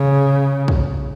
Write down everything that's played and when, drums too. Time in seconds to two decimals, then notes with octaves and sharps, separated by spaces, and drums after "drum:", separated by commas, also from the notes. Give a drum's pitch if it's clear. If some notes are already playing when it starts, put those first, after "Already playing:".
Already playing: C#3
0.68 drum: kick